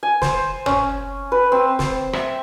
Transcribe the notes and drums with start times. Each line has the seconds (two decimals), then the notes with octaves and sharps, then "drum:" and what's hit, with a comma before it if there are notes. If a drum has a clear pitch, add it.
0.03 G#5
0.22 C5, drum: snare
0.66 C#4, drum: tom
1.32 B4
1.52 C4
1.79 C5, drum: snare
2.13 E5, drum: rim click